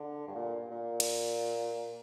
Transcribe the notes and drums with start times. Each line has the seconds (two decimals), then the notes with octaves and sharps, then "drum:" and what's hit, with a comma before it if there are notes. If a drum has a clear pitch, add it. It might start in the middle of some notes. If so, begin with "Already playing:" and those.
Already playing: D3
0.28 G2
0.35 A#2
0.71 A#2
1.00 drum: cymbal